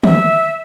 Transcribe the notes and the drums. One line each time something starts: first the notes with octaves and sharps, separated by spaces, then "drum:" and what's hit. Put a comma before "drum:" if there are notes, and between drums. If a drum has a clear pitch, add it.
E5, drum: tom